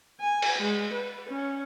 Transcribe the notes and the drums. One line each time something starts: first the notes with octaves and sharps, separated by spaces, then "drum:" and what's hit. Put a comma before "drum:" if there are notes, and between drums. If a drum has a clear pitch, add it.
G#5
drum: cymbal
G#3
B4
C#4